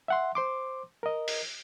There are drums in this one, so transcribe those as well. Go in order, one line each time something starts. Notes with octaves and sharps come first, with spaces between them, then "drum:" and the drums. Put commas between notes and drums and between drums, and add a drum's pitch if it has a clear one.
E5 F#5 C6
C5 C6 D6
A#4 D#5
drum: open hi-hat